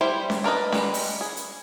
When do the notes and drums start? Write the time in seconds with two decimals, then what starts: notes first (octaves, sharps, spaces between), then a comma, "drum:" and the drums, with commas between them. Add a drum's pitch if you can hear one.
0.01 G3 E4 C5
0.30 drum: snare C#4
0.44 D4 A#4 B4 D#5
0.72 G3 G#3 B4, drum: snare C#4
0.94 drum: open hi-hat
1.21 G#4
1.37 drum: hi-hat